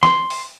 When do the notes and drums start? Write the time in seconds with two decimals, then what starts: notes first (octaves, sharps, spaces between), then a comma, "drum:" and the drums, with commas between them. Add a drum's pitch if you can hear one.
0.03 C6, drum: snare
0.30 drum: open hi-hat